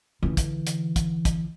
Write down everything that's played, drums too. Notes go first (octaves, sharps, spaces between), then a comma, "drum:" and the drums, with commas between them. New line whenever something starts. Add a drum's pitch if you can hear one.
D3 E3
drum: kick, hi-hat
drum: hi-hat
drum: kick, hi-hat
drum: kick, hi-hat